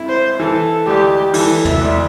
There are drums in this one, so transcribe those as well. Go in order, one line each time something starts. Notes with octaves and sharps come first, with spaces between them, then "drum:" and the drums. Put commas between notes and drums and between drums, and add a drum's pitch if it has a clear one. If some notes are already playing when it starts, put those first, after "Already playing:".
Already playing: C3 E4
C5
E3 A4
D2 G4
E3 A4, drum: open hi-hat
E5, drum: tom E2
D2